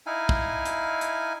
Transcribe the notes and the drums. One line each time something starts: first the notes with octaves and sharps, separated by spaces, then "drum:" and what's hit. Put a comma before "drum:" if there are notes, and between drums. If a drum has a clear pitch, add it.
D#4 E4 F5 G#5
drum: kick
drum: hi-hat
drum: hi-hat